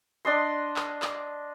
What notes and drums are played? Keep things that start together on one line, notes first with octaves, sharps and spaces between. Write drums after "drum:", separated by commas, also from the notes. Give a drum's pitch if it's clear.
D4 D#5 C6
drum: clap
drum: clap